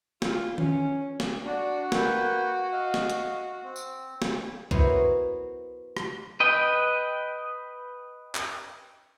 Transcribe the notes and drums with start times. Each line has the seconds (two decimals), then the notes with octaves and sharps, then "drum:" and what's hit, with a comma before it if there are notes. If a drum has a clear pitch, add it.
0.22 F4, drum: snare
0.58 C#4, drum: tom D#3
1.20 drum: snare
1.45 D4 F#4
1.92 A#3 B4 G5, drum: snare
2.73 D#5 F5
2.94 drum: snare
3.10 drum: hi-hat
3.63 C4
3.76 drum: tambourine
4.22 drum: snare
4.71 B3 E4 F#4 A#4 C5 C#5, drum: kick C2
5.97 drum: rim click
6.40 B4 D#5 G5
8.35 drum: clap